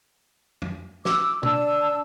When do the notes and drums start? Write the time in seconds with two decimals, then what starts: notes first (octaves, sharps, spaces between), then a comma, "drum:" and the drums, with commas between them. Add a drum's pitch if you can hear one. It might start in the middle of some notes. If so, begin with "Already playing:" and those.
0.62 drum: tom
1.05 D6 E6, drum: snare
1.43 D4 A5 E6, drum: tom